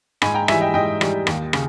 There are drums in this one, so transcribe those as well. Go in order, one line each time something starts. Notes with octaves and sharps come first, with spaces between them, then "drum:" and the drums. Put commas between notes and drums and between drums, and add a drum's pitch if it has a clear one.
G#2 G#5 B5, drum: rim click
G5 A#5
E3 G3 E5 G#5, drum: rim click
D#5 G5
G#2 D#5 G5
E3 G3, drum: rim click
D#2, drum: rim click
C#3, drum: rim click